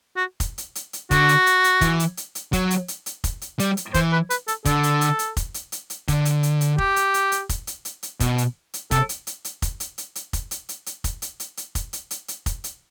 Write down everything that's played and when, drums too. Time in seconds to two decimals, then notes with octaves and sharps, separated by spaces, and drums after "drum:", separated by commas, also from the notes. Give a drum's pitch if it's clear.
0.17 F#4
0.40 drum: kick F1, hi-hat
0.58 drum: hi-hat
0.75 drum: hi-hat
0.93 drum: hi-hat
1.11 D3 F#4, drum: kick F1, hi-hat
1.29 drum: hi-hat
1.46 drum: hi-hat
1.64 drum: hi-hat
1.81 E3, drum: kick F1, hi-hat
2.00 drum: hi-hat
2.17 drum: hi-hat
2.35 drum: hi-hat
2.53 F#3, drum: kick F1, hi-hat
2.71 drum: hi-hat
2.88 drum: hi-hat
3.06 drum: hi-hat
3.24 drum: kick F1, hi-hat
3.41 drum: hi-hat
3.60 G3, drum: hi-hat
3.77 drum: hi-hat
3.94 E3 C5, drum: kick F1, hi-hat
4.13 B4
4.30 B4, drum: hi-hat
4.48 A4, drum: hi-hat
4.65 D3 A4, drum: kick F1, hi-hat
4.83 drum: hi-hat
5.01 drum: hi-hat
5.19 drum: hi-hat
5.37 drum: kick F1, hi-hat
5.54 drum: hi-hat
5.72 drum: hi-hat
5.90 drum: hi-hat
6.08 D3, drum: kick F1, hi-hat
6.25 drum: hi-hat
6.43 drum: hi-hat
6.61 drum: hi-hat
6.78 G4, drum: kick F1
6.96 drum: hi-hat
7.14 drum: hi-hat
7.32 drum: hi-hat
7.49 drum: kick F1, hi-hat
7.67 drum: hi-hat
7.85 drum: hi-hat
8.03 drum: hi-hat
8.20 B2, drum: kick F1, hi-hat
8.38 drum: hi-hat
8.74 drum: hi-hat
8.91 C3 A4, drum: kick F1, hi-hat
9.09 drum: hi-hat
9.27 drum: hi-hat
9.45 drum: hi-hat
9.62 drum: kick F1, hi-hat
9.80 drum: hi-hat
9.98 drum: hi-hat
10.15 drum: hi-hat
10.33 drum: kick F1, hi-hat
10.51 drum: hi-hat
10.69 drum: hi-hat
10.86 drum: hi-hat
11.04 drum: kick F1, hi-hat
11.22 drum: hi-hat
11.40 drum: hi-hat
11.57 drum: hi-hat
11.75 drum: kick F1, hi-hat
11.93 drum: hi-hat
12.11 drum: hi-hat
12.28 drum: hi-hat
12.46 drum: kick F1, hi-hat
12.64 drum: hi-hat